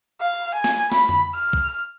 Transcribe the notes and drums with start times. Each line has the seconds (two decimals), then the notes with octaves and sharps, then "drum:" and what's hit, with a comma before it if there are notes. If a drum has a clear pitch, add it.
0.21 F5
0.54 G#5
0.64 drum: snare
0.92 B5, drum: snare
1.09 drum: tom
1.35 F6
1.53 drum: kick